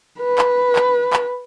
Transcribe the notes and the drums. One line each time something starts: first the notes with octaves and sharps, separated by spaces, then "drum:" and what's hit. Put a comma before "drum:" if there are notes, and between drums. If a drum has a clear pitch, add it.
B4
drum: clap
drum: clap
drum: clap